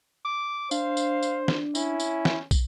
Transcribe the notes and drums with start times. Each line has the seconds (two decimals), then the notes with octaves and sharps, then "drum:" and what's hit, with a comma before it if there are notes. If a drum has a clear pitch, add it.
0.25 D6
0.71 D4 C5 F5, drum: tambourine
0.97 drum: tambourine
1.23 drum: tambourine
1.48 drum: snare
1.75 C#4 E4, drum: tambourine
2.00 drum: tambourine
2.25 drum: snare
2.51 drum: kick, tambourine